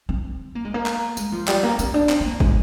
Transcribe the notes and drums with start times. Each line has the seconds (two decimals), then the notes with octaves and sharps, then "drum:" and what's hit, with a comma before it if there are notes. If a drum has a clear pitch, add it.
0.09 C4
0.55 A#3
0.65 G#3
0.74 A#3
0.86 drum: clap
1.17 G#3, drum: tambourine
1.32 F3
1.48 G3, drum: clap
1.63 A#3
1.79 C4, drum: tambourine
1.94 D4
2.09 C4, drum: clap
2.20 C4
2.25 A#3
2.40 G#3, drum: kick